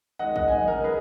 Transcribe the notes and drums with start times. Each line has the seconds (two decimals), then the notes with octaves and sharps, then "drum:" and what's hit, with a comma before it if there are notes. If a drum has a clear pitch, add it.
0.19 D#3 G#3 D#4 D#5 F#5
0.36 D#5 F#5, drum: kick
0.48 G#5
0.52 D#5 F#5, drum: tom
0.68 A#4
0.84 G#4 B4